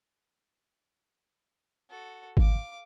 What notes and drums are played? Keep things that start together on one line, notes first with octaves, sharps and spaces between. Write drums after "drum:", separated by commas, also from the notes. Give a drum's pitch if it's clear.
F#4 A4
F5 D6, drum: kick G#1